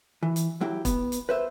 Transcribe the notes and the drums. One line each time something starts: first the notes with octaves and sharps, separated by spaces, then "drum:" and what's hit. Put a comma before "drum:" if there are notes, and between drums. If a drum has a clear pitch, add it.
E3
drum: hi-hat
F#3 E4 G4
B3, drum: kick, hi-hat
drum: hi-hat
B4 C5 E5